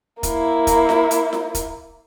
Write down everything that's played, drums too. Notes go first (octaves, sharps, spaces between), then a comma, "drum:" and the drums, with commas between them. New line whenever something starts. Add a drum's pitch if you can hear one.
A#3 E4, drum: kick, hi-hat
drum: kick, hi-hat
drum: snare F4
drum: hi-hat
drum: snare F4
drum: kick, hi-hat